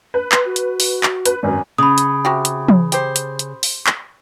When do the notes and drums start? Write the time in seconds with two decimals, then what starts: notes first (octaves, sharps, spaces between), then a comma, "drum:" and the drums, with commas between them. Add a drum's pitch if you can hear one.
0.14 B4
0.32 C6, drum: clap
0.46 F#4
0.56 drum: hi-hat
0.80 drum: open hi-hat
1.03 drum: clap
1.25 B4, drum: hi-hat
1.43 G#1 F#2 G#5
1.78 C#3 B5 D#6
1.98 drum: hi-hat
2.25 C3 F#4 G4
2.45 drum: hi-hat
2.69 drum: tom
2.92 G4 C5, drum: hi-hat
3.16 drum: hi-hat
3.39 drum: hi-hat
3.63 drum: open hi-hat
3.87 drum: clap